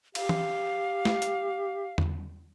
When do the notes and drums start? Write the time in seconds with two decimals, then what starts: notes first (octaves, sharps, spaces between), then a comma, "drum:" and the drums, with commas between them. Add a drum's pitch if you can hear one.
0.15 G4 F5, drum: cymbal
0.29 drum: tom E3
1.05 drum: snare A3
1.22 drum: hi-hat
1.98 drum: tom E2